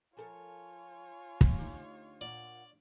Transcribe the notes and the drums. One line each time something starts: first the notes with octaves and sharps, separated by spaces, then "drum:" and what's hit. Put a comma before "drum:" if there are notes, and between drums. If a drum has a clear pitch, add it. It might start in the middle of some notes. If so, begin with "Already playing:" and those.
F3 F4 A4 A#4 C#5 G#5
drum: kick
D2 D#4 G4
A#2 D5 F#5